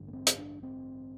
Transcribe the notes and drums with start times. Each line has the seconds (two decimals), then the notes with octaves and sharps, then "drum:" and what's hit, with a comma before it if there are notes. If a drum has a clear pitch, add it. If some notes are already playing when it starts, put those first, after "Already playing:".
Already playing: A1 G2 D3
0.08 A#3
0.13 C4
0.27 drum: hi-hat
0.38 D4
0.63 C4